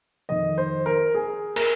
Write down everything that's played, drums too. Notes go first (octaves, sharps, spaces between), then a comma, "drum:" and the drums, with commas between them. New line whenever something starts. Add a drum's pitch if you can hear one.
F2 D#3 D#5
C5
A#4
G#4
A#4, drum: cymbal